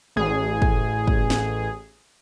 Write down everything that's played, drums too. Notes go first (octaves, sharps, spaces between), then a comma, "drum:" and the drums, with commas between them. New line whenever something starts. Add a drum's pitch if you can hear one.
A1 G#4
drum: kick
drum: kick
drum: snare